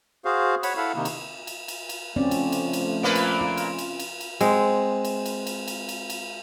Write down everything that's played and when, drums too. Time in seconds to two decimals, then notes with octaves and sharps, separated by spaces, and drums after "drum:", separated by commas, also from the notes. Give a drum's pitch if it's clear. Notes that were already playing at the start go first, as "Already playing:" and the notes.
0.25 F#4 G#4 C5 F5
0.63 C#5 F#5 B5, drum: cymbal
0.77 E4 A4 F5 F#5 B5
0.95 C3 D#3 A#3 D#4
1.05 drum: cymbal
1.47 drum: cymbal
1.68 drum: cymbal
1.89 drum: cymbal
2.16 F3 A3 C4 C#4 D5
2.31 drum: cymbal
2.52 drum: cymbal
2.73 drum: cymbal
3.03 A#2 A#3 B4
3.15 drum: cymbal
3.41 F4
3.57 drum: cymbal
3.78 drum: cymbal
3.99 drum: cymbal
4.20 drum: cymbal
4.41 G#3 C4, drum: cymbal
5.05 drum: cymbal
5.26 drum: cymbal
5.47 drum: cymbal
5.68 drum: cymbal
5.89 drum: cymbal
6.10 drum: cymbal